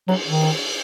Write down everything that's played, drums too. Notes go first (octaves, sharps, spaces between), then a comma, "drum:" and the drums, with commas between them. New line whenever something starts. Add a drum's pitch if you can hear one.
F#3, drum: cymbal
D#3
drum: cymbal